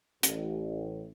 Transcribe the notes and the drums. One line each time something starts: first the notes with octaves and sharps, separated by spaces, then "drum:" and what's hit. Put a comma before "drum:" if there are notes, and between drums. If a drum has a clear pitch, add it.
A1, drum: hi-hat